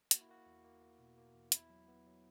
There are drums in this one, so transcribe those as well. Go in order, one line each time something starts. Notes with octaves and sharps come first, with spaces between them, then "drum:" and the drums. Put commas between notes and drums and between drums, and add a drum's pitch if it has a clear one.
A#3 F#4, drum: hi-hat
E4
A#3 F#4
E2
A#3
A#3
B2
A#3
E2
B3 E4, drum: hi-hat
F#3
B3
F#3